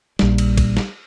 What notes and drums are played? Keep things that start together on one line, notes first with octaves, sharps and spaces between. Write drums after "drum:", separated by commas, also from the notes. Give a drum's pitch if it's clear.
A#1 G3, drum: snare
drum: cymbal
drum: kick A#1, cymbal
drum: snare